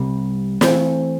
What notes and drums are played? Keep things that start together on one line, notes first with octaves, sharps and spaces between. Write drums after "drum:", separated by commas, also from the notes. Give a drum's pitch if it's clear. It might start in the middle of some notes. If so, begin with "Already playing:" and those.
Already playing: C2 C3 G3
E3 A3 C4, drum: snare